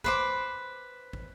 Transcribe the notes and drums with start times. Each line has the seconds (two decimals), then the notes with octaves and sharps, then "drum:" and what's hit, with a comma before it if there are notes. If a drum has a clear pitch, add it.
0.04 B4 C5 D6, drum: kick
1.13 drum: kick